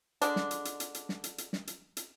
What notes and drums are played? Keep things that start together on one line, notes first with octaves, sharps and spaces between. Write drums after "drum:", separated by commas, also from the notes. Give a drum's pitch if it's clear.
D3 G#3 D4, drum: hi-hat
drum: snare
drum: hi-hat
drum: hi-hat
drum: hi-hat
drum: hi-hat
drum: snare
drum: hi-hat
drum: hi-hat
drum: snare
drum: hi-hat
drum: hi-hat